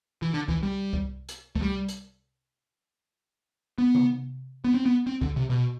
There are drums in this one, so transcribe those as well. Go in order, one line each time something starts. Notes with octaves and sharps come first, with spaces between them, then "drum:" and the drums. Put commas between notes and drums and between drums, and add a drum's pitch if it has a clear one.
E3
D3
E3, drum: kick C2
G3
drum: kick C2
drum: hi-hat
A3, drum: kick C2
G3
drum: hi-hat
B3
drum: tom C3
B3
C4
B3
C4
D3, drum: kick C2
C3
B2